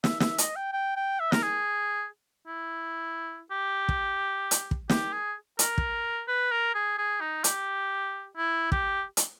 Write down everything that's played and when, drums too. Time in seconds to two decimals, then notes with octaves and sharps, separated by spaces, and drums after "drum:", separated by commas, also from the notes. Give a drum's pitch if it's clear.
0.04 E5, drum: snare
0.20 E5, drum: snare
0.38 D#5, drum: hi-hat
0.56 G5
0.73 G5
0.96 G5
1.20 E5
1.32 A#4, drum: snare
1.43 G#4
2.47 E4
3.51 G4
3.89 drum: kick
4.51 drum: hi-hat
4.71 drum: kick
4.90 G4, drum: snare
5.13 G#4
5.59 A#4, drum: hi-hat
5.78 drum: kick
6.28 B4
6.51 A#4
6.75 G#4
6.98 G#4
7.21 D#4
7.44 G4, drum: hi-hat
8.37 E4
8.72 G4, drum: kick
9.17 drum: hi-hat